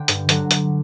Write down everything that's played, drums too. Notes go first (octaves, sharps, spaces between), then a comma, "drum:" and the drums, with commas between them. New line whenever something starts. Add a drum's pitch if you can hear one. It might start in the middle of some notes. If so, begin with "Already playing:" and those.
Already playing: D3 G5
G2, drum: hi-hat
D3 F#3, drum: hi-hat
drum: hi-hat